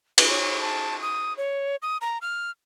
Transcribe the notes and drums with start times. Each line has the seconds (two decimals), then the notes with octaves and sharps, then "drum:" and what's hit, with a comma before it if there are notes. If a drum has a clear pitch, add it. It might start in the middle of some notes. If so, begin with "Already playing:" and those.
0.18 B4, drum: cymbal
0.29 C#5
0.60 A5
1.02 D#6
1.38 C#5
1.82 D#6
2.01 A#5
2.22 F6